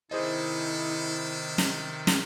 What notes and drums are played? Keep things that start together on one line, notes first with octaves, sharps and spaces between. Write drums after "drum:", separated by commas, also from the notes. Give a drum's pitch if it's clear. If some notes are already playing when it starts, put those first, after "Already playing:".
C3 D#3 E4 G#4 A4 C5 D#5
drum: snare
drum: snare